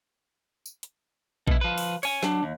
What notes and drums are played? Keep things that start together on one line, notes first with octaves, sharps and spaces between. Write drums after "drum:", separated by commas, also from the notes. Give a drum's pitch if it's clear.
drum: tambourine
drum: hi-hat
B2 E4, drum: kick A#1
F3 B4
drum: open hi-hat
C#5 G#5, drum: open hi-hat
F#3 D4, drum: snare
D#2